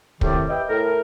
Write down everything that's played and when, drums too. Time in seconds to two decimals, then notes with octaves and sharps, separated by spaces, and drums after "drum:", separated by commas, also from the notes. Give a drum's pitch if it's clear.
0.21 A2 C3 D#3 G3, drum: kick
0.49 G4 B4 D#5 E5 G5
0.69 A2 A#4